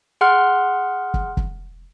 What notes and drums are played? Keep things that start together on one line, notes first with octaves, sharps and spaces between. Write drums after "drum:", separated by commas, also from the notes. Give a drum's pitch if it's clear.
G#4 F#5 C6 F6
drum: kick
drum: kick